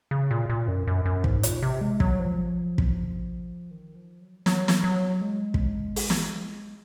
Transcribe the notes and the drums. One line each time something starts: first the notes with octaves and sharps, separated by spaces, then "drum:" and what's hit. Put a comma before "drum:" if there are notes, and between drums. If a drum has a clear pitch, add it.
C#3
A#2
A#2
F#2
F#2
F#2
G#2, drum: kick
A#2, drum: hi-hat
C3
G#3
F#3, drum: kick
F3
drum: kick
D#3
F3
F#3
F#3, drum: snare
drum: snare
F#3
G#3
drum: kick
drum: open hi-hat
drum: snare